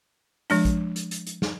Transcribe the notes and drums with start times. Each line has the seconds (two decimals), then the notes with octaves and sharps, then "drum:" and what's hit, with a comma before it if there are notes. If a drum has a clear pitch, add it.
0.50 F3 G#3 D4, drum: open hi-hat
0.65 drum: kick, hi-hat
0.96 drum: hi-hat
1.11 drum: hi-hat
1.27 drum: hi-hat
1.42 drum: snare